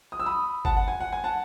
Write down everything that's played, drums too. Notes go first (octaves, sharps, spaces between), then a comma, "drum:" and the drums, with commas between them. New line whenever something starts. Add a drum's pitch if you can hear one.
D#6
E6
B5 D#6
F#5 A5, drum: kick G1
F#5
G#5
F#5
G#5
F#5 A5